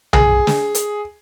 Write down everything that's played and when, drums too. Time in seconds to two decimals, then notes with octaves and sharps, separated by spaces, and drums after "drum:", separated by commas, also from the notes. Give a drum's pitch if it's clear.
0.13 G#4, drum: tom B1
0.47 drum: snare
0.75 drum: hi-hat